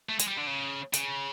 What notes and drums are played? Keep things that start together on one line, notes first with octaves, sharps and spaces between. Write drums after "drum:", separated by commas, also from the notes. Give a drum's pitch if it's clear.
A3
G#3, drum: hi-hat
G3
D3
C#3
C#3, drum: hi-hat